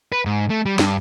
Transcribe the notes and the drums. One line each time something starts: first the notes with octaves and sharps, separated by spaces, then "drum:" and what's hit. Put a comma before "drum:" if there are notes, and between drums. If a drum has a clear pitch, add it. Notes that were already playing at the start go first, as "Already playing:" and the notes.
B4
G#2
A3
G3
G2, drum: snare